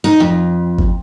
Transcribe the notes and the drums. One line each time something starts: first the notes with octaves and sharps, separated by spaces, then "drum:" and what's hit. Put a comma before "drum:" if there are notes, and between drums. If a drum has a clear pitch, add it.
D#4
F2
drum: kick G1